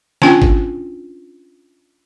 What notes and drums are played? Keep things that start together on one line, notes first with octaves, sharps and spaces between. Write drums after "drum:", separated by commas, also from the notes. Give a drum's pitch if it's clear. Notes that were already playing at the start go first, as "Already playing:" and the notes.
C#4 D4 F4 G5, drum: snare
drum: kick G#1